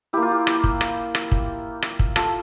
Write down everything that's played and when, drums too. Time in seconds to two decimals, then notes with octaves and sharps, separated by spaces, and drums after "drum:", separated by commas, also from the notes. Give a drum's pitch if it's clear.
0.13 A#3 E4 G4
0.22 F4
0.31 G4
0.47 drum: rim click
0.64 drum: kick
0.81 drum: rim click
1.15 drum: rim click
1.32 drum: kick
1.82 drum: rim click
1.99 drum: kick
2.16 F4 A4, drum: rim click